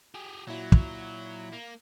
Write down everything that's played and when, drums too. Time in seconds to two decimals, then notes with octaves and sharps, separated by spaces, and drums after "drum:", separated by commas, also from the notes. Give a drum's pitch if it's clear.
0.15 G4 G#4
0.47 A#2 F#3 E4
0.72 drum: kick
1.53 A#3